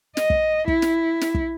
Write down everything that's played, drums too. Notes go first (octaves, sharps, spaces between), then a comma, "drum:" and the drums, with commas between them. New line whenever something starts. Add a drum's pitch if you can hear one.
D#5, drum: snare
drum: kick
E4, drum: kick
drum: snare
drum: snare
drum: kick